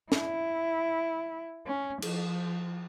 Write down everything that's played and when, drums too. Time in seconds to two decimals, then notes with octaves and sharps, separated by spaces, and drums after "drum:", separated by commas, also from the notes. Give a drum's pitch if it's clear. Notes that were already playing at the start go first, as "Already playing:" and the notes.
0.12 E4, drum: snare
1.67 C#4
2.02 F3, drum: cymbal